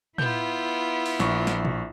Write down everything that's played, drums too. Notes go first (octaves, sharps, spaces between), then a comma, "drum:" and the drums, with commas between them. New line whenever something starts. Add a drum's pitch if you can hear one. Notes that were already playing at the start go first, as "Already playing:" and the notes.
B3 E4 F4 G6, drum: tom
drum: open hi-hat
A#1 C#6, drum: snare
drum: snare
drum: tom